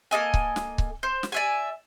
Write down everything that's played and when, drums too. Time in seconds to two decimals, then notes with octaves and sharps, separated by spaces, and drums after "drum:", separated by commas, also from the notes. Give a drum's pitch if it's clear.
0.11 A#3 A4 D#5 G#5
0.34 drum: kick C#1
0.56 drum: snare
0.78 drum: kick C#1
1.03 C5
1.23 drum: snare
1.32 D5 E5 G#5